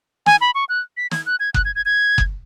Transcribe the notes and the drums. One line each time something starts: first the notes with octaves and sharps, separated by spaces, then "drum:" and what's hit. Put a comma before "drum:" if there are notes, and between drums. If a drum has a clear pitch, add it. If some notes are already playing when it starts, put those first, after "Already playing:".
G#5, drum: snare
B5
C#6
F#6
B6
G#6, drum: snare
F#6
G#6
F#6, drum: kick F#1
G#6
G#6
G#6
drum: kick F#1